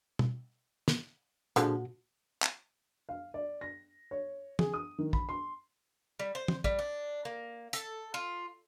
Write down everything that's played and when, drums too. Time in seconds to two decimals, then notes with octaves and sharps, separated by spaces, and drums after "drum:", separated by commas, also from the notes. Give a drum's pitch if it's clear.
0.19 drum: tom B2
0.88 drum: snare
1.56 A#2 D3 F3 G#3 F#4, drum: hi-hat
2.43 drum: clap
3.09 F5
3.34 D5
3.61 A#6
4.11 C#5
4.59 G#4, drum: tom
4.74 D#6
4.98 D#3
5.13 B5, drum: kick
5.29 C6
6.19 G3
6.35 C5
6.48 drum: tom
6.64 G3, drum: kick
6.79 D4
7.25 A#3
7.73 A4, drum: hi-hat
8.14 F4